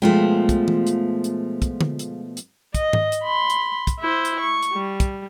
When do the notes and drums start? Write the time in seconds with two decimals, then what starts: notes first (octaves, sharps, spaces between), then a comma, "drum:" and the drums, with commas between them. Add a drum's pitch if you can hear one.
0.02 B2 F3 G#3 A3 F4 G5
0.49 drum: kick, hi-hat
0.68 drum: tom E3
0.87 drum: hi-hat
1.24 drum: hi-hat
1.62 drum: kick, hi-hat
1.81 drum: tom D3
1.99 drum: hi-hat
2.37 drum: hi-hat
2.75 D#5, drum: kick, hi-hat
2.93 drum: tom G#2
3.12 drum: hi-hat
3.23 B5 C6
3.50 drum: hi-hat
3.87 drum: kick, hi-hat
4.00 E4 C5
4.25 drum: hi-hat
4.40 C#6
4.62 drum: hi-hat
4.73 G3
5.00 drum: kick, hi-hat